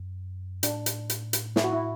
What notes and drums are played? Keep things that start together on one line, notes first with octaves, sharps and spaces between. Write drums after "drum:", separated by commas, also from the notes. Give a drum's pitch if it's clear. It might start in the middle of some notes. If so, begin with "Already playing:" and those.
Already playing: F#2
A2 D4, drum: hi-hat
drum: hi-hat
drum: hi-hat
drum: hi-hat
E4, drum: snare
F#4
E4